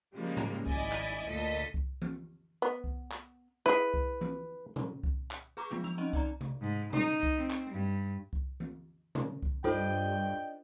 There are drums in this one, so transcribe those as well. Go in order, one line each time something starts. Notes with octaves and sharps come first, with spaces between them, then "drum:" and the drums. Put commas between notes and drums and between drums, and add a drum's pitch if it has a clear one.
C#3 F3 G3 G#3 A#3
drum: tom G#2
G#1 E4 D5 D#5 G#5, drum: kick C2
drum: clap
D2 A#2 A4 D#5 B6
drum: kick C2
drum: tom E3
B3
drum: kick C2
drum: clap
E4 G#4 B4
drum: kick C2
drum: tom E3
drum: tom A#2
drum: kick C2
drum: clap
G#4 B4 A#5 C#6 D6
F3 F#3 G#3 B3 D4 F4
F3 D4 E6 F7
C4 C#4 D#4 D#5
D#4 D5 A#5, drum: kick C2
drum: tom C3
G#2
D#4, drum: tom A#2
drum: kick C2
C4
drum: clap
G2
drum: kick C2
drum: tom E3
drum: tom A#2
drum: kick C2
G2 D4 F4 A4 C5 D#5 G5